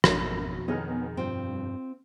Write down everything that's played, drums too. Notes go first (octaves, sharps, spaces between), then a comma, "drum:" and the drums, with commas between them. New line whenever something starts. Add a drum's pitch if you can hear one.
G#1 F2 B2 F#3 A3 A#3 F#4 A#4, drum: rim click
D#3 B3 G#4 A4 C#5 D#5 F6
G2 C4 F4 G5